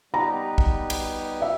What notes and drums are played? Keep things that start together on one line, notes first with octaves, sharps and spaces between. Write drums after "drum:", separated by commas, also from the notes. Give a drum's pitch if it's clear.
G3 B3 D#4 G4 B4 A#5
drum: kick B1
drum: cymbal
G3 E5